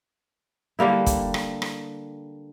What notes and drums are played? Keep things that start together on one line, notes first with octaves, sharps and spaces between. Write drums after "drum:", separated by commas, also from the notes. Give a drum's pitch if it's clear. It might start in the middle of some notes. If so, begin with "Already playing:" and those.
D3 G3 A#3 E4
drum: kick, hi-hat
drum: rim click
drum: rim click